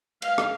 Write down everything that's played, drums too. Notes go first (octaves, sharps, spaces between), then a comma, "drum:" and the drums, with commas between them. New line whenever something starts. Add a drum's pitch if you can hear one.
F5, drum: cymbal
drum: rim click